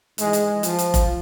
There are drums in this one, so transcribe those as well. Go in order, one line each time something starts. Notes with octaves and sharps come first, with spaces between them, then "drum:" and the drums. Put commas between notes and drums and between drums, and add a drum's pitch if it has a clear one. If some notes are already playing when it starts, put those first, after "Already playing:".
G#2 E3 G#3, drum: hi-hat
drum: hi-hat
F3, drum: hi-hat
drum: hi-hat
drum: kick F1, hi-hat